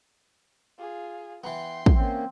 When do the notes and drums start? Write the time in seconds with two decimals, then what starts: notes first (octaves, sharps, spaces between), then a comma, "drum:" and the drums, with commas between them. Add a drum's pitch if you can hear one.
0.78 F4 G#4
1.44 E3 B3 G5 C6
1.86 drum: kick
1.96 A#3 C4 C#4